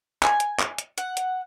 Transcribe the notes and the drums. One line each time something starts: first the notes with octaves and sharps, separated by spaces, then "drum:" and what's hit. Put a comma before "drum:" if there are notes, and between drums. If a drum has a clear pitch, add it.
G#5, drum: clap
drum: hi-hat
drum: clap
drum: hi-hat
F#5, drum: hi-hat
drum: hi-hat